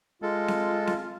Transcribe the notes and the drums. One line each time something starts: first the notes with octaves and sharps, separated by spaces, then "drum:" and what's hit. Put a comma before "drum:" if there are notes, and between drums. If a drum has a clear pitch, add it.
G#3 F4 A4
drum: snare C4
drum: snare C4